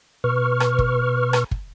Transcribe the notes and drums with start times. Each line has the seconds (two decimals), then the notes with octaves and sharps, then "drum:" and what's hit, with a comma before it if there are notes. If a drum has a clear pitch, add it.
0.24 B2 B4 C#6 F6
0.60 drum: rim click
0.79 drum: kick
1.33 drum: rim click
1.51 drum: kick